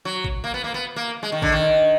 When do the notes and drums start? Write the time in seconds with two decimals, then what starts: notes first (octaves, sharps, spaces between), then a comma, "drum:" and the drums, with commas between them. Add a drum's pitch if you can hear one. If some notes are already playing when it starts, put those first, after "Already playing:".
0.05 F#3
0.24 drum: kick
0.44 A#3
0.54 B3
0.64 A#3
0.74 B3
0.96 A#3
1.23 G#3
1.32 D#3
1.42 D3, drum: kick
1.52 D#3